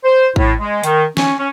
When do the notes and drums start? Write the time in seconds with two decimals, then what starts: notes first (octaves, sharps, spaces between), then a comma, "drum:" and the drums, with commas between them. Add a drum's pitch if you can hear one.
0.04 C5
0.36 A2, drum: kick
0.59 G#3
0.84 D#3, drum: hi-hat
1.17 C#4, drum: snare
1.38 C#4